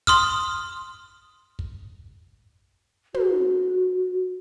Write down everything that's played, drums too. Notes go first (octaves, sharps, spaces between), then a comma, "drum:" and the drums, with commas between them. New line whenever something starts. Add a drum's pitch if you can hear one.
C6 D#6 F6, drum: kick
drum: kick
F#4, drum: tom